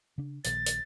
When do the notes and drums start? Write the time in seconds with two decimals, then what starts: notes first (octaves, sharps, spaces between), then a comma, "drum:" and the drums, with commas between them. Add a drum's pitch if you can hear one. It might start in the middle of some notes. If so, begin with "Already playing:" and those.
0.18 C#3 D4
0.45 A#1 A#2 D#3 A6, drum: hi-hat
0.67 drum: hi-hat